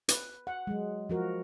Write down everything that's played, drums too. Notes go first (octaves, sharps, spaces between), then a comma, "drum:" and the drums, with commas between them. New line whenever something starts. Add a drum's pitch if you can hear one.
B4, drum: hi-hat
F#5
F#3 G#3
F3 F#4 A#4